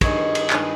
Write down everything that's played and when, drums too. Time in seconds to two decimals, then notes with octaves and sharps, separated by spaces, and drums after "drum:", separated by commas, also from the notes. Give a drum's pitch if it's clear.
0.01 G2 D#3 G#3 C#5, drum: kick, cymbal
0.35 drum: cymbal
0.50 G2 D#3 G#3 B4, drum: clap